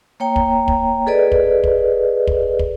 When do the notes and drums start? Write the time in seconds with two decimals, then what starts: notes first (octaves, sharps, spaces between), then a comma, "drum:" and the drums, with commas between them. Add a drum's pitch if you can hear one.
0.20 A#3 C#5 G5 A#5
0.36 drum: kick
0.68 drum: kick
1.07 G#4 A4 B4 D5 D#5
1.32 drum: kick
1.64 drum: kick
2.27 drum: kick
2.59 drum: kick